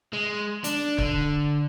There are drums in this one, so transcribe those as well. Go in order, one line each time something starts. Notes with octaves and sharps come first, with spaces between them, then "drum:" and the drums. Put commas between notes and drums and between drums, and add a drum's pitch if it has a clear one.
G#3
D4, drum: hi-hat
D3, drum: kick